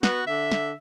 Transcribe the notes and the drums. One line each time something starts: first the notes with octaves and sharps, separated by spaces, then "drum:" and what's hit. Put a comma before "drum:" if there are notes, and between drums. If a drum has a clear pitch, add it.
B3 F#4, drum: snare
D3 E5
drum: snare